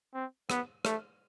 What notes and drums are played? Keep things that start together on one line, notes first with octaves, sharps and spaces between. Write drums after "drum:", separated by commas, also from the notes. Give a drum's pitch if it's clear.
C4
B3, drum: rim click
A3, drum: rim click